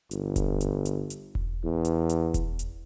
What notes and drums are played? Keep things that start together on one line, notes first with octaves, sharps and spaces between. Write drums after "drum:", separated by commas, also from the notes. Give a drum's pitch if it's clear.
G1, drum: hi-hat
drum: kick E1, hi-hat
drum: hi-hat
drum: hi-hat
drum: hi-hat
drum: kick E1
E2
drum: hi-hat
drum: hi-hat
drum: kick E1, hi-hat
drum: hi-hat